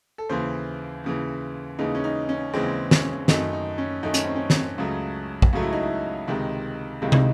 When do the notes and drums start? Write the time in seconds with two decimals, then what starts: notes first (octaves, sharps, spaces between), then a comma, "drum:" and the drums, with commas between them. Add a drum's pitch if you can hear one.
0.18 A4
0.29 D#2 C#3 E3 C5
1.04 D#2 C#3 E3
1.79 D#2 C#3 E3 G#3 D#4
1.95 C#4
2.04 D#4
2.29 C#4
2.53 D#2 C#3 E3 G#3 C4
2.91 C#4, drum: snare
3.28 F#2 D#3 A3 D#4, drum: snare
3.53 D#4
3.78 C#4
4.03 F#2 D#3 A3 D#4
4.14 C#4, drum: hi-hat
4.25 C4
4.35 C#4
4.50 drum: snare
4.78 C#2 C#3 F#3 A3
5.42 drum: kick A#1
5.53 C#2 C#3 F#3 A3 F#4
5.62 E4
5.73 D#4
5.83 E4
6.27 C#2 C3 D#3 G#3
7.02 C#2 C3 D#3 G#3 E4
7.12 D#4, drum: tom